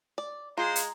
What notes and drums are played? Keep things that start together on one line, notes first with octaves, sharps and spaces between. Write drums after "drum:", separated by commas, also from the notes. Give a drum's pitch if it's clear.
D5
G#3 F4 C5 A#5
drum: hi-hat